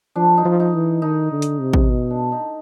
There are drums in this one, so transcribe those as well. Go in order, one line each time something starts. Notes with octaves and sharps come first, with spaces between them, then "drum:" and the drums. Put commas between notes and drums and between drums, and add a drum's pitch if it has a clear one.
F3 D4
D#4
F3
D#4
E3
D#3 D#4
D3
drum: hi-hat
C3
drum: kick
B2
D4
D#4